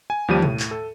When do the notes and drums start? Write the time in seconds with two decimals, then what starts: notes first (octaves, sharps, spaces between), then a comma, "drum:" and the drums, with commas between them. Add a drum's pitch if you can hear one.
0.10 G#5
0.28 D#2 F3 G3 G4 D#7
0.42 A2, drum: tom B2
0.60 drum: clap
0.71 A4